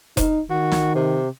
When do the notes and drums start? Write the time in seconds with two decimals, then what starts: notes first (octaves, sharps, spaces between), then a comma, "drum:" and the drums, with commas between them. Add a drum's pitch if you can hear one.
0.17 D#4, drum: kick F1, hi-hat
0.50 D#3 F#4
0.72 drum: snare
0.95 C3